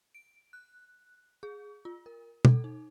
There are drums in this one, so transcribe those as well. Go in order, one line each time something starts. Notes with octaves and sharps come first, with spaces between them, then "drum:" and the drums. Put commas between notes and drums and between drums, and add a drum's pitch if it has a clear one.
D7
F#6
G#4
F4
A#4
A4, drum: tom
D#4